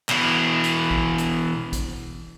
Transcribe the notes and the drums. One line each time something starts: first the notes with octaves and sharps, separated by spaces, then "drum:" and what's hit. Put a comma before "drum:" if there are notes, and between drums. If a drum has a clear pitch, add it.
B2 E3, drum: clap
drum: hi-hat
drum: kick
drum: hi-hat
drum: kick, hi-hat